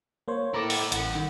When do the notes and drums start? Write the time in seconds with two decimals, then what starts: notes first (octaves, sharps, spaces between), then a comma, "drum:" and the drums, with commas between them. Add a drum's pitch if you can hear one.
0.28 A#3 C5 C#5
0.54 E4 A4 A#5 D6 A#6
0.70 drum: open hi-hat
0.92 A1 A#4 F#5, drum: hi-hat
1.15 D#3